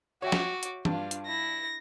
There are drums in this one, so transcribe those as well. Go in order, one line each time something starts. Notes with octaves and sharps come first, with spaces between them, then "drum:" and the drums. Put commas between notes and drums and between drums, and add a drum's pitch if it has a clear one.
F#4 C#5 E5 G5 D6
drum: snare
drum: hi-hat
G2 D4 F4, drum: tom E3
drum: hi-hat
E4 A#6